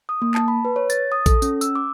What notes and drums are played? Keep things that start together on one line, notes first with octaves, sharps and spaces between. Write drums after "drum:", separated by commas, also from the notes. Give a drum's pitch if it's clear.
D#6
A#3
A5, drum: clap
B5
B4
C#5
A6, drum: tambourine
D#6
A4, drum: kick A#1, tambourine
C#4, drum: tambourine
E6, drum: tambourine
D6